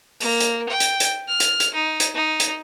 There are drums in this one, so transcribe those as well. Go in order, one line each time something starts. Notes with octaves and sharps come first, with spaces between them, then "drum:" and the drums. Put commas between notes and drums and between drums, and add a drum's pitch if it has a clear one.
A#3, drum: open hi-hat
drum: hi-hat
G5
drum: hi-hat
drum: hi-hat
F6
drum: hi-hat
drum: hi-hat
D#4
drum: hi-hat
D#4
drum: hi-hat